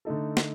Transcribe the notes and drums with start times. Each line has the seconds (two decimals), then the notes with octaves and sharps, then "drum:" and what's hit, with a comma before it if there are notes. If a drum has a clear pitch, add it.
0.05 D3 A3 D#4 A4
0.37 drum: snare